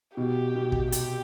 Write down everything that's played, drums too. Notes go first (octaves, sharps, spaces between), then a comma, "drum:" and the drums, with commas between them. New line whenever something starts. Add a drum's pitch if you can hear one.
B2 G4
B2
drum: kick
C3 G4, drum: hi-hat